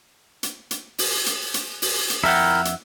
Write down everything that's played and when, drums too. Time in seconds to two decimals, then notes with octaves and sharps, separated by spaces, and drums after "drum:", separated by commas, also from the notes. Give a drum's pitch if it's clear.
0.43 drum: hi-hat
0.71 drum: hi-hat
0.98 drum: open hi-hat
1.26 drum: hi-hat
1.54 drum: hi-hat
1.82 drum: open hi-hat
2.10 drum: hi-hat
2.24 F2 E4 A#4 E5 F#5 G5
2.65 drum: hi-hat